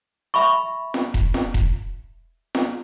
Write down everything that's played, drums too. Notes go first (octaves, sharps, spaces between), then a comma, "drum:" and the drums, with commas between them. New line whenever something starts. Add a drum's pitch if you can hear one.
E5 B5 C#6
drum: snare
drum: kick E1
drum: snare
drum: kick E1
drum: snare